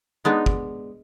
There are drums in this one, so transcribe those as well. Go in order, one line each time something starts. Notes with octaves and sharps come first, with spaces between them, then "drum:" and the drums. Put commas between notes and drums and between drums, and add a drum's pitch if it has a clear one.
G#3 B3 D4 D#4
drum: kick